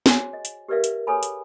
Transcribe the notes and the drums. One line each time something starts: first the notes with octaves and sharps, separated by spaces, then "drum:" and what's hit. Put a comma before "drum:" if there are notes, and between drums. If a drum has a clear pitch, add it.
F#4 G#4 C5 C#5 G#5, drum: snare
D#5
drum: hi-hat
G4 A#4 B4 D5 E5 F5
drum: hi-hat
G#4 A4 B4 C#5 G#5 B5
drum: hi-hat